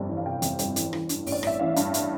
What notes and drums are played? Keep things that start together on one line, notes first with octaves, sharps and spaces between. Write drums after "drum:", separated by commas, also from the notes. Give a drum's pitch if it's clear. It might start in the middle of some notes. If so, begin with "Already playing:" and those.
Already playing: G1 F2 C3 D5
E3
F5
C3 G5
F2, drum: hi-hat
G1, drum: hi-hat
E3, drum: hi-hat
E3, drum: rim click
G2, drum: hi-hat
A1, drum: open hi-hat
D5
A1 E5, drum: rim click
E3 F5
G2, drum: hi-hat
drum: hi-hat